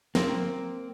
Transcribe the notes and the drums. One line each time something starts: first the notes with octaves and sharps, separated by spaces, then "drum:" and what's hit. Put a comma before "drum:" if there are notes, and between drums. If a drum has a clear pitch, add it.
A#3 C4, drum: snare